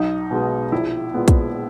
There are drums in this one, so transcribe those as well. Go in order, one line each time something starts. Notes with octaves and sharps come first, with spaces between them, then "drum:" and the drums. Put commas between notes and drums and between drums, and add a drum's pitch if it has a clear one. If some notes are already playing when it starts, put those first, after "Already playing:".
Already playing: B1 D#4
B2 G#3 B3
A#1 E4
A#2 G#3 B3
drum: kick, hi-hat